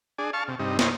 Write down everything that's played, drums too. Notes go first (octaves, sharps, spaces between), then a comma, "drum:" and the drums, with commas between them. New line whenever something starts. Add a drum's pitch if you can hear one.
D4 G#4
F5 A5 C#6
C3
G2 C3 D#4
E4 A#4 C5 C#5 D#5, drum: snare